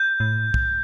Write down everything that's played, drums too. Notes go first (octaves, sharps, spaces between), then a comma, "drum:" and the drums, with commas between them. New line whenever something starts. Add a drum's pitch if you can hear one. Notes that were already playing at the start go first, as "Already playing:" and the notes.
Already playing: G6
A2
drum: kick